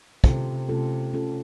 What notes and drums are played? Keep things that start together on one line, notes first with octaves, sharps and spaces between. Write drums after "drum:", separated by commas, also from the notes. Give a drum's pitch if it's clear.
C3 A3 C#4 F4 A4, drum: kick
C3 A3 C#4 F4 A4
A3 C#4 F4 A4